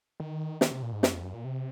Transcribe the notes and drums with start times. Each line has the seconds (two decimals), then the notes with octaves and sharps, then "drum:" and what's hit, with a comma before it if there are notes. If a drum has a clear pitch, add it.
0.20 D#3
0.61 D#3, drum: snare
0.71 C3
0.82 A#2
0.92 G#2
1.03 F#2, drum: snare
1.13 F2
1.23 F#2
1.34 A#2
1.45 C3